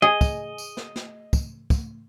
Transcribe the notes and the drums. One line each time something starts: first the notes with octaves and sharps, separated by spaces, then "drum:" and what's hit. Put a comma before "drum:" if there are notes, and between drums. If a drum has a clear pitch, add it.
G#4 D#5
drum: kick, tambourine
drum: tambourine
drum: snare
drum: snare
drum: kick, tambourine
drum: kick, tambourine